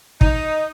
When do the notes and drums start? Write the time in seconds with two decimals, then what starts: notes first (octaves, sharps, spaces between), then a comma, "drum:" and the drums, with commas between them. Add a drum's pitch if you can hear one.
0.21 D#4, drum: kick